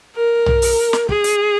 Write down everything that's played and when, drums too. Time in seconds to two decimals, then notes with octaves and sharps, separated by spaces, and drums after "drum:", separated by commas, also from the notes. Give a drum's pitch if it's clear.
0.16 A#4
0.46 drum: tom
0.62 drum: open hi-hat
0.93 drum: snare
1.09 G#4, drum: kick
1.24 drum: hi-hat